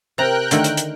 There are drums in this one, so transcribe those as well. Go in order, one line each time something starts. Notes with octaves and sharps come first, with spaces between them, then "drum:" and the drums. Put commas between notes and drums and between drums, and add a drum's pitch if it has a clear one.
C3 A#4 G5 A#5 F#6
D3 D#3 A3, drum: hi-hat
drum: hi-hat
drum: hi-hat